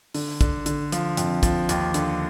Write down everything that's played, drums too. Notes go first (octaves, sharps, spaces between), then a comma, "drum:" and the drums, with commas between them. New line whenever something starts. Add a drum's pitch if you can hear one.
D3, drum: open hi-hat
D3, drum: kick, hi-hat
D3, drum: hi-hat
F3, drum: hi-hat
F2, drum: hi-hat
F3, drum: kick, hi-hat
D#2, drum: hi-hat
D3, drum: hi-hat